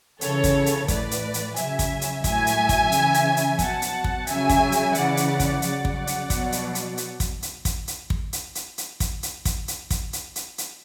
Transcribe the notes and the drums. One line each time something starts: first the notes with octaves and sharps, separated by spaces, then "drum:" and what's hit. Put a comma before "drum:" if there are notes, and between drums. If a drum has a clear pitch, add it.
C#3 E3 A4 C#5, drum: hi-hat
drum: kick, hi-hat
drum: hi-hat
A2 E3 B4 D5, drum: kick, hi-hat
drum: hi-hat
drum: hi-hat
C#3 F#3 E5 G#5, drum: hi-hat
drum: kick, hi-hat
drum: hi-hat
A2 F#3 E5 G#5, drum: kick, hi-hat
drum: hi-hat
drum: kick, hi-hat
C#3 E3, drum: hi-hat
drum: hi-hat
drum: hi-hat
B2 F#3 F#5 A5, drum: kick, hi-hat
drum: hi-hat
drum: kick
C#3 F#3 E5 G#5, drum: hi-hat
drum: kick, hi-hat
drum: hi-hat
C#3 E3 D5 F#5, drum: hi-hat
drum: hi-hat
drum: kick, hi-hat
C#3 F#3 D5 F#5, drum: hi-hat
drum: kick
drum: hi-hat
B2 F#3, drum: kick, hi-hat
drum: hi-hat
drum: hi-hat
drum: hi-hat
drum: kick, hi-hat
drum: hi-hat
drum: kick, hi-hat
drum: hi-hat
drum: kick
drum: hi-hat
drum: hi-hat
drum: hi-hat
drum: kick, hi-hat
drum: hi-hat
drum: kick, hi-hat
drum: hi-hat
drum: kick, hi-hat
drum: hi-hat
drum: hi-hat
drum: hi-hat